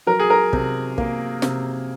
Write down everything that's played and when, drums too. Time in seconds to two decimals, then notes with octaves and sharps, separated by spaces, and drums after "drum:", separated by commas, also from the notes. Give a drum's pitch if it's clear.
0.07 F#3 A#4
0.20 G#4
0.30 A#4
0.53 C3, drum: kick
0.98 A#3, drum: kick
1.42 C3, drum: snare